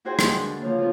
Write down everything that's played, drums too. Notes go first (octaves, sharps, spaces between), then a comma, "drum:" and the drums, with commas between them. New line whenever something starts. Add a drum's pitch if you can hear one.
E4 F#4 G#4 C5 G5 G#5
D#3 G#3 A#3 B4, drum: rim click
D3
A5
C#3 F3 A#3
B3 C4 F4